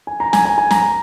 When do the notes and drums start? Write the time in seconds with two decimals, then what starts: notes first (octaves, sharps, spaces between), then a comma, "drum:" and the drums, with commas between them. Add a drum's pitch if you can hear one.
0.07 G#5
0.20 A#5
0.33 G#5, drum: snare
0.45 G#5
0.58 G#5
0.71 A#5, drum: snare